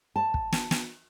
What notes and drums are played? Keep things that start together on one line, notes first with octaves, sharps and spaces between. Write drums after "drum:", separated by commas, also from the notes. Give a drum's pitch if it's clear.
A5
drum: kick
drum: snare
drum: snare